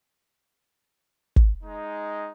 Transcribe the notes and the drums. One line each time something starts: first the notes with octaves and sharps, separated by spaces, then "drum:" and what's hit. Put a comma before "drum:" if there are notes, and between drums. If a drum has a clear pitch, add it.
drum: kick
G#3 D#4